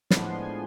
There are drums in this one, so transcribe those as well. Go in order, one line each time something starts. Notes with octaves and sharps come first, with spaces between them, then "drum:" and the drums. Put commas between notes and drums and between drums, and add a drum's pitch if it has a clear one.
A2 F3 G#3 B3 D4 B5, drum: snare
C6
G#5